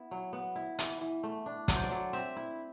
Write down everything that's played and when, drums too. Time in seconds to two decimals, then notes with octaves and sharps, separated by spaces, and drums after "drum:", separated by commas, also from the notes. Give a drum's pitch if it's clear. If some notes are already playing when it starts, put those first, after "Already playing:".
Already playing: B3 E4
0.11 F#3
0.33 B3
0.56 E4
0.79 E3, drum: hi-hat
1.01 E3
1.23 A3
1.46 D4
1.68 F#3 D5, drum: kick, hi-hat
1.76 C5
1.84 D5
1.91 F#3
2.13 C4 E5
2.37 E4